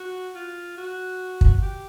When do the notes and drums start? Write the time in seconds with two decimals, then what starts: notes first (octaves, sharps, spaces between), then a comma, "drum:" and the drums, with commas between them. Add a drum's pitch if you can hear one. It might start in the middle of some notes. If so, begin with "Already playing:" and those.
Already playing: F#4
0.35 F4
0.78 F#4
1.41 drum: kick
1.62 G4